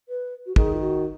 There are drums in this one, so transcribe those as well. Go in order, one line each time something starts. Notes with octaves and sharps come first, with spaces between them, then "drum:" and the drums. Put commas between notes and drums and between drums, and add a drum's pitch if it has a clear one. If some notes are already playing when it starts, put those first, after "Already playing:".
B4
F#4
D#3 G#4, drum: kick
F4
F#4